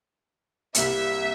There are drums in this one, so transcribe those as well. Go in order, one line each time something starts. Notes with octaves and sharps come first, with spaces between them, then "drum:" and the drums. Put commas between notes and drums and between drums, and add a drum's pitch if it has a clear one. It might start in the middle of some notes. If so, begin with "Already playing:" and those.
C2 C3 G3 A#3 E5, drum: hi-hat